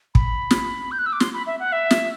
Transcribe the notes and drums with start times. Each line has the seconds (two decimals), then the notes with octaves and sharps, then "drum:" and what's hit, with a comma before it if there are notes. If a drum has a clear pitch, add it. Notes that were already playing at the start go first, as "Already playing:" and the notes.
0.15 B5, drum: kick
0.51 drum: snare
0.91 G6
0.99 F#6
1.06 E6
1.13 D6
1.20 C6, drum: snare
1.34 B5
1.47 E5
1.60 F#5
1.72 E5
1.91 drum: snare